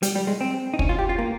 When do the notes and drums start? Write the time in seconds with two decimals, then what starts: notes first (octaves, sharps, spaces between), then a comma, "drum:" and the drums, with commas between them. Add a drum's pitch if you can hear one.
0.03 G3, drum: hi-hat
0.16 G3
0.27 G#3
0.41 C4
0.74 D#4
0.79 C#4, drum: kick
0.89 F4
0.99 G4
1.09 F4
1.18 A#3